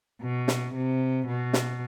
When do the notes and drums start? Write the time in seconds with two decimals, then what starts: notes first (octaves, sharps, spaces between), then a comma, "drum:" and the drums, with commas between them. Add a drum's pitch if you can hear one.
0.22 B2
0.48 drum: snare
0.75 C3
1.27 B2
1.53 drum: snare